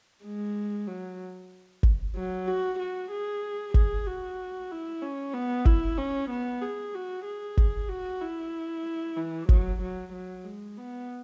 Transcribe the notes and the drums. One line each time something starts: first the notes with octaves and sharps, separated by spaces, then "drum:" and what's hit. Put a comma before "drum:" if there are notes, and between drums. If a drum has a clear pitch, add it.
G#3
F#3
drum: kick G1
F#3
F#4
F#4
G#4
G#4, drum: kick G1
F#4
E4
C#4
B3
E4, drum: kick G1
C#4
B3
G#4
F#4
G#4
drum: kick G1
F#4
E4
E3
F#3, drum: kick G1
F#3
F#3
G#3
B3